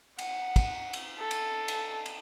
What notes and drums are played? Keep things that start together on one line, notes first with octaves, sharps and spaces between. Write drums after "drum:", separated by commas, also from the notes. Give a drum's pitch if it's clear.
F#5, drum: cymbal
drum: kick, cymbal
drum: cymbal
A4
drum: cymbal
drum: cymbal
drum: cymbal